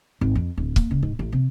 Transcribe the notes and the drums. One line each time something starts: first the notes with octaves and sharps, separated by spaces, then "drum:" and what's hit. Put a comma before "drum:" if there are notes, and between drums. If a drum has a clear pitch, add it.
G#1
F2
D1
A#3, drum: kick
C#2
G#2
A1
C3